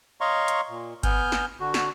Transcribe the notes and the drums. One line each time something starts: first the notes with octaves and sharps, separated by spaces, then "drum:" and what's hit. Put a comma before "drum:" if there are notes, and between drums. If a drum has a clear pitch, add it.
C#5 D#5 F5 A#5 C6 C#6
drum: hi-hat
A#2
B3 G#5 F6 G6, drum: kick G1, hi-hat
drum: snare
D3 F#4
drum: snare